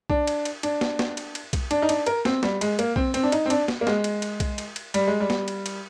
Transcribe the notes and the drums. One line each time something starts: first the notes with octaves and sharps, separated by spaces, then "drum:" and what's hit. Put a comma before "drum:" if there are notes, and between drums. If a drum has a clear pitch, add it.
D4, drum: kick B1
drum: cymbal
drum: cymbal
D4, drum: cymbal
drum: snare
drum: snare
drum: cymbal
drum: cymbal
drum: kick B1, cymbal
D4, drum: cymbal
D#4
D4, drum: cymbal
A#4, drum: cymbal
C4, drum: snare
G3, drum: snare
G#3, drum: cymbal
A#3, drum: cymbal
C4, drum: kick B1
C4, drum: cymbal
D4
D#4, drum: cymbal
C4
D4, drum: cymbal
drum: snare
A#3
G#3, drum: snare
drum: cymbal
drum: cymbal
drum: kick B1, cymbal
drum: cymbal
drum: cymbal
G3, drum: cymbal
G#3
G3
drum: snare
drum: cymbal
drum: cymbal